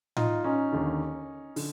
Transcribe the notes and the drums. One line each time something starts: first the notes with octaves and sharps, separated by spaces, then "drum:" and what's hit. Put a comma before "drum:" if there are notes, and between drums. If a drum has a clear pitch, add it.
D#4 F4, drum: tom A2
C#4 D#4
D#2 D3
D3, drum: open hi-hat